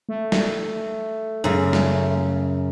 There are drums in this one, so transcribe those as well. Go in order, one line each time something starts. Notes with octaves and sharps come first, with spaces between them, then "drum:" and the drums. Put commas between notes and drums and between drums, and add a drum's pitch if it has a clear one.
A3
drum: snare
F#2 C#3
drum: snare